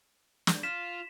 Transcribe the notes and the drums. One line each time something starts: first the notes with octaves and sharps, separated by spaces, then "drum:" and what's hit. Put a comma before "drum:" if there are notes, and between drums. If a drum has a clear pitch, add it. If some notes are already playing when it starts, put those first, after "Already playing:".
drum: snare
F4 B6 E7